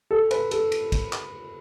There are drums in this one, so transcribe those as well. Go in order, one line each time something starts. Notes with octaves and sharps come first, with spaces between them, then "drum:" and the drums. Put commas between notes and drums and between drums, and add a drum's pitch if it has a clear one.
A4
B4, drum: cymbal
A4, drum: cymbal
drum: cymbal
drum: kick, cymbal
drum: clap